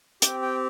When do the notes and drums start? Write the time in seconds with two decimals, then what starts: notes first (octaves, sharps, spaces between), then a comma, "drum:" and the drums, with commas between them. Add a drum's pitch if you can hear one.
0.22 C4 G4 G5, drum: hi-hat
0.42 G5